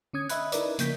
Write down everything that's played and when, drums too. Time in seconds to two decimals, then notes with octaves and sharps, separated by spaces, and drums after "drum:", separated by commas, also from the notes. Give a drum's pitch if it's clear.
0.13 D3 C#4 D#6 G#6
0.29 D#5 E5 B5 F#6, drum: hi-hat
0.52 D#4 E4 A#4 B4 D5, drum: hi-hat
0.79 C#3 F3 A#3 G6 B6, drum: hi-hat